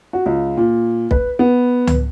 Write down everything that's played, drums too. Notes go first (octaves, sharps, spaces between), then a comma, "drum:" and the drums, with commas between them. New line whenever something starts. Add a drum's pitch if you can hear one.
F#4
C#2
A#2
B4, drum: kick B1
B3
drum: tom C#2